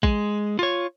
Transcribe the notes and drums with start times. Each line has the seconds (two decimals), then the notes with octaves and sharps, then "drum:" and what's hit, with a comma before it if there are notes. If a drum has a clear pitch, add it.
0.03 G#3, drum: kick
0.59 F4 C#5